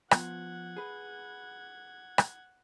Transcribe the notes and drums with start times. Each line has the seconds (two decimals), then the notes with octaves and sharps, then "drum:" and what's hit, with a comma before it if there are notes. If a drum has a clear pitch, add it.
0.11 F3 B3 F#5 G#6, drum: rim click
0.77 G#4 B4
2.18 drum: rim click